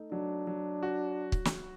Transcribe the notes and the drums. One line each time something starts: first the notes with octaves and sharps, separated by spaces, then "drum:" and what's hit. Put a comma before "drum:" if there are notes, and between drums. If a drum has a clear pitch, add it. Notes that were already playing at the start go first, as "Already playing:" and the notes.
Already playing: A3 D#4
F#3 D4
F#3
F#4
drum: kick
drum: snare